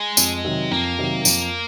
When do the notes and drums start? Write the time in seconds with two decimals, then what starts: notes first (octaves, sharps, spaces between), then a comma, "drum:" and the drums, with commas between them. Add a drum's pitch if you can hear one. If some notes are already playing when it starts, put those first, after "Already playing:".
Already playing: G#3
0.17 F2, drum: tambourine
0.44 C3 D#3 F#3
0.71 F2 A#3
0.98 C3 D#3 F#3
1.25 F2, drum: tambourine